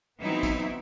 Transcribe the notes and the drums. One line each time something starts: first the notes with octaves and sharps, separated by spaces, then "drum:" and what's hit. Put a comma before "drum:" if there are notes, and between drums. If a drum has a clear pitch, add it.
E3 F#3 B3 C4 D#4 E4
drum: kick, tambourine